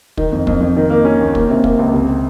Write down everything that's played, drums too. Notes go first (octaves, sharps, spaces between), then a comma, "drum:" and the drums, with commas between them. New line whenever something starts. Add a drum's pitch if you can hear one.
D#3, drum: kick
F2
F2, drum: kick
F2
D#3
A#3
C#4
D#2
A#3, drum: kick
C3
A#3, drum: kick
C#2
C3